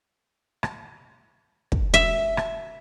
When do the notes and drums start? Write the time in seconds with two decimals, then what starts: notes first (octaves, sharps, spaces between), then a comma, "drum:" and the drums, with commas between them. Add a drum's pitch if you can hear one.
0.63 drum: rim click
1.72 drum: kick
1.94 E5
2.37 drum: rim click